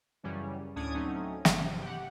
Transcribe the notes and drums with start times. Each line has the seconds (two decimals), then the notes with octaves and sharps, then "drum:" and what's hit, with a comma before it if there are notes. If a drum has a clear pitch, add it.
0.23 F#2 C#3 E3 G3 C#4
0.76 D2 A2 C#4 D4 D#6 G#6
0.94 F#3 A3 C4 C#4 D#4
1.45 G1 C3, drum: snare
1.81 G4 F#5